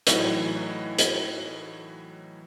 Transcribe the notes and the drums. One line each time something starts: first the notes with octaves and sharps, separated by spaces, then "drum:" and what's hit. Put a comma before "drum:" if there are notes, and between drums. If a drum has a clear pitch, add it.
A2 E3 F#3 D#4, drum: hi-hat
drum: hi-hat